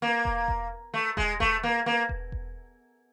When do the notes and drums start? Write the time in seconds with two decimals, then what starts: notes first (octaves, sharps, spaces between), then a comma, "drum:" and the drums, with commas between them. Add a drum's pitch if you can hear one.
0.02 A#3
0.25 drum: kick E1
0.48 drum: kick E1
0.94 A3
1.17 G#3, drum: kick E1
1.40 A3, drum: kick E1
1.63 A#3
1.86 A#3
2.09 drum: kick E1
2.32 drum: kick E1